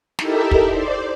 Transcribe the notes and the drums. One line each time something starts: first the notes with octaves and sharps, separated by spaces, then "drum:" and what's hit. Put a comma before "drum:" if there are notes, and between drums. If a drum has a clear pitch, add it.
D#4 E4 G4 A4 A#4 E5, drum: snare
drum: kick
C5 D5